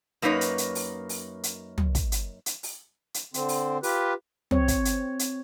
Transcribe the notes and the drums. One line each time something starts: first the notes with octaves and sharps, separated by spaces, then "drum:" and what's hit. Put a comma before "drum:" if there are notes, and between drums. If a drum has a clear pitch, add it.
F#2 A#3 D#4 B4 C#5
drum: hi-hat
drum: hi-hat
drum: open hi-hat
drum: open hi-hat
drum: hi-hat
drum: tom
drum: kick, hi-hat
drum: hi-hat
drum: hi-hat
drum: open hi-hat
drum: hi-hat
D3 C4, drum: hi-hat
drum: open hi-hat
F4 G4 B4, drum: open hi-hat
C4 C#5, drum: tom
drum: kick, hi-hat
drum: hi-hat
drum: hi-hat